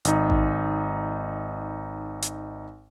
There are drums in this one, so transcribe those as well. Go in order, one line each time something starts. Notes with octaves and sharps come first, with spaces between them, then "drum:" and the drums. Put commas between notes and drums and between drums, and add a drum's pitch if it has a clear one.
G#1 D#4, drum: hi-hat
drum: kick A1
drum: hi-hat